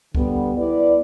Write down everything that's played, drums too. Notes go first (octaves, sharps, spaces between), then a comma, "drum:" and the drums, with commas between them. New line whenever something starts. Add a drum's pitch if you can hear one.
D3 G3 B3, drum: kick C2
B3 E4 B4 D5